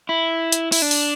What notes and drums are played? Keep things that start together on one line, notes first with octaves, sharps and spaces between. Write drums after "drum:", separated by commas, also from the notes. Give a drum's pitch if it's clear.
E4
drum: hi-hat
E4, drum: open hi-hat
D4
drum: open hi-hat